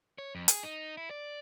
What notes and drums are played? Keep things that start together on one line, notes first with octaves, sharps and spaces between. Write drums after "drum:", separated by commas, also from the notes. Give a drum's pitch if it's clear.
C#5
F2
G#4, drum: hi-hat
D#4
E4
D5